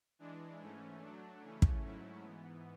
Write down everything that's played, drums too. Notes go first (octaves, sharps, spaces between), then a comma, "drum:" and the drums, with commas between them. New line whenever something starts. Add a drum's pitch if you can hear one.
E3 G#3 D4
G#2 E3 A3 C#4
F#3 A3 D4
C#3 E3 A3 C#4
drum: kick
G#2 F#3 A3 C#4 E4
G#2 E3 B3